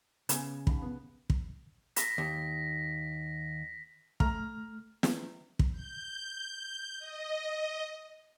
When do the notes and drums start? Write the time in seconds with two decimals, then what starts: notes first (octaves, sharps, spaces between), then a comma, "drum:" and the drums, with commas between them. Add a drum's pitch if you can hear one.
0.29 C#3 B3 G#5, drum: hi-hat
0.67 D#2 B5, drum: kick
0.82 B3
1.30 drum: kick
1.96 A#6 B6, drum: hi-hat
2.18 D#2
4.20 A3 A#5 F6, drum: kick
5.03 drum: snare
5.59 drum: kick
5.72 G6
6.99 D#5